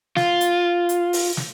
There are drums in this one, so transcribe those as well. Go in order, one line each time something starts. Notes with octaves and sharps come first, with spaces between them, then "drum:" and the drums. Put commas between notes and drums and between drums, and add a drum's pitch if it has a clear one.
F4, drum: snare
drum: hi-hat
drum: hi-hat
drum: open hi-hat
drum: snare